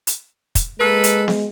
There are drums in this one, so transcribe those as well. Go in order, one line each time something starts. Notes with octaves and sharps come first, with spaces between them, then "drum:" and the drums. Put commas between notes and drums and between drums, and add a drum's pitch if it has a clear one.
drum: hi-hat
drum: kick, hi-hat
G#3 A#3 A4 B4
drum: hi-hat
drum: snare B3